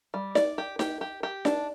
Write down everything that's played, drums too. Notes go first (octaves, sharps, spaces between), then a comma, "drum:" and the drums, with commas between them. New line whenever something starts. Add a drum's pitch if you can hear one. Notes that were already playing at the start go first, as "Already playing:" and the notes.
G3
D5, drum: snare D#4
G4
G4, drum: snare D#4
G4
G4
D4, drum: snare D#4